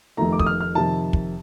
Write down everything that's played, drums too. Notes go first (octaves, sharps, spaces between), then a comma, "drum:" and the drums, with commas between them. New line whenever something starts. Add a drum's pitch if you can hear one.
F1 F2 D#3 A3 A#5
D6
D#6, drum: kick
F6
F6
F2 C3 D#3 A5
drum: kick